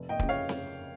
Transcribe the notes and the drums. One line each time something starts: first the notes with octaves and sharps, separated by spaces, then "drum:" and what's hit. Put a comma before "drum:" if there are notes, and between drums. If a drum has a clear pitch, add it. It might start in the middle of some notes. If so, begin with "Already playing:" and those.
Already playing: F1
D#5 G5
F2 C#3, drum: kick
C#5 F5
drum: snare C4